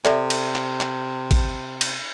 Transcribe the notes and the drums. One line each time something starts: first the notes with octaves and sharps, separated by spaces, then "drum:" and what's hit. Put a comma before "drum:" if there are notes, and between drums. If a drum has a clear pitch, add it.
C3 A4 D5 E5, drum: clap
drum: cymbal
drum: clap
drum: clap
drum: kick, cymbal
drum: cymbal